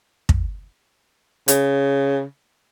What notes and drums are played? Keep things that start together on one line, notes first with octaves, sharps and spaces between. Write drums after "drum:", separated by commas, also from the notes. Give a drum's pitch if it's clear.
drum: kick
C#3, drum: hi-hat